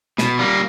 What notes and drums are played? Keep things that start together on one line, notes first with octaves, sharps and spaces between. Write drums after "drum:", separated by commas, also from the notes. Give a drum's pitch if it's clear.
B2, drum: snare
G3 A#3